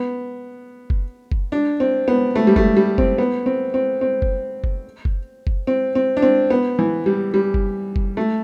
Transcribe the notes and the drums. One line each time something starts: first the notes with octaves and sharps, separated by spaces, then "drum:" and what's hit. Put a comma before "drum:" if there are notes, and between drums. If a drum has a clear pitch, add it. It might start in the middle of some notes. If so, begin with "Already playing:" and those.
Already playing: B3
drum: kick F#1
drum: kick F#1
D4
C4
B3
A3
G3
A3, drum: kick F#1
G3
C4, drum: kick F#1
B3
C4
C4
C4
drum: kick F#1
drum: kick F#1
drum: kick F#1
drum: kick F#1
C4
C4
D4
C4
B3
E3
G3
G3
drum: kick F#1
drum: kick F#1
A3